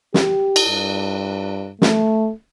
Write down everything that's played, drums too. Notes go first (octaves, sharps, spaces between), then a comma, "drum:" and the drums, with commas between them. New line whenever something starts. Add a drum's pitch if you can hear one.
G4, drum: snare
drum: cymbal
G2
A3, drum: snare